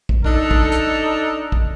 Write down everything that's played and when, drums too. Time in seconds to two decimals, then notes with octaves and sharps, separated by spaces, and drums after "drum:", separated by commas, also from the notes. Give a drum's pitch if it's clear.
0.09 drum: kick
0.24 D4 D#4 A4, drum: kick
0.51 drum: kick
0.72 drum: hi-hat
1.52 drum: kick